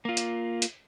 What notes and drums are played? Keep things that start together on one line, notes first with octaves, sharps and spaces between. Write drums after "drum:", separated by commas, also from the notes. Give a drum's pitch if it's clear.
A#3 F4
drum: hi-hat
drum: hi-hat